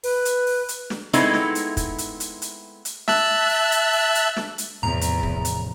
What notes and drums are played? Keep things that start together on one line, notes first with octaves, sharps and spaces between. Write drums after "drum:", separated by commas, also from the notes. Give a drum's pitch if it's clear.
B4, drum: open hi-hat
drum: hi-hat
drum: open hi-hat
drum: hi-hat
drum: snare
G#3 A3 B3 C4 D#4 E4, drum: hi-hat
drum: snare
drum: hi-hat
drum: kick, hi-hat
drum: hi-hat
drum: hi-hat
drum: hi-hat
drum: hi-hat
E5 A5 F#6, drum: snare
drum: open hi-hat
drum: hi-hat
drum: open hi-hat
drum: hi-hat
drum: snare
drum: hi-hat
E2 A2 C3 F3 A#5
drum: hi-hat
drum: kick
drum: hi-hat